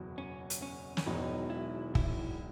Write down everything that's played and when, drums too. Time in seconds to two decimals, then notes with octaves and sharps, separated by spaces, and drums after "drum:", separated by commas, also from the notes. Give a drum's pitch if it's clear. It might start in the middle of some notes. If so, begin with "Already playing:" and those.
Already playing: F#1 E2 B2 F#3
0.18 C#4
0.50 drum: hi-hat
0.62 C#4
0.97 C#4, drum: snare
1.06 E1 E2 D#3 F#3 D#4
1.50 E4
1.95 E4, drum: kick